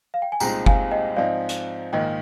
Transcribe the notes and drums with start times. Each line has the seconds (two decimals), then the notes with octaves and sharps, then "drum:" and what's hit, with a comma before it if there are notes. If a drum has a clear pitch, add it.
0.14 F5
0.22 G5
0.32 G#5
0.40 C2 A#2 G#3 C4 D#4 G5 A#5, drum: tambourine
0.66 F5 G#5, drum: kick F#1
0.91 D#5 G5
1.16 G#2 F3 C4 D#4 D5 F5
1.49 drum: hi-hat
1.93 A#1 G#2 D#3 A#3 D#5 G5